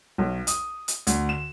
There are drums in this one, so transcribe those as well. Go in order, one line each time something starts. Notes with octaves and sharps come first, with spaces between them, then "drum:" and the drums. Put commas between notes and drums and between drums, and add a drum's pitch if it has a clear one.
B1
D#6, drum: hi-hat
drum: hi-hat
D2, drum: hi-hat
E7